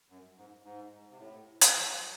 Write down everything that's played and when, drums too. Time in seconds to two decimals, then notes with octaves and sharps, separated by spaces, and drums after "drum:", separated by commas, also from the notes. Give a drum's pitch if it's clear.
0.10 F#2
0.37 G#2
0.64 G#2
1.11 C3
1.19 A2
1.61 drum: hi-hat
1.73 E3
1.91 F#3